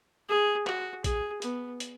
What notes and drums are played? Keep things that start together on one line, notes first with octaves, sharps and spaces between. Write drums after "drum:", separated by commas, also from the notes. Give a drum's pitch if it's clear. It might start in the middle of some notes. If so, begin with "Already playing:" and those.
G#4
F#4, drum: clap
G#4, drum: kick, hi-hat
B3, drum: hi-hat
drum: hi-hat